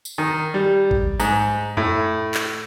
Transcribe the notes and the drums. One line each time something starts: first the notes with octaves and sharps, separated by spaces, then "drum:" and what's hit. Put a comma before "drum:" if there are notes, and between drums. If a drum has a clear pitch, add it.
drum: tambourine
D#3
G3
drum: kick G#1
G#2, drum: tambourine
A2, drum: tom F2
drum: clap